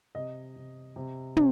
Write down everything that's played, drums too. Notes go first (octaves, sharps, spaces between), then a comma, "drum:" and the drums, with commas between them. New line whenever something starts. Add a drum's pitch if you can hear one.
C3 D#5
C3
C3
C3, drum: tom